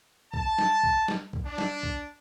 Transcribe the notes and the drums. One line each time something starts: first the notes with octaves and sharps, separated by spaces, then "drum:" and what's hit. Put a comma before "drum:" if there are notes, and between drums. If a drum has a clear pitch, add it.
A5, drum: kick A#1
drum: snare
drum: kick A#1
drum: snare
drum: kick A#1
D4
drum: snare
drum: kick A#1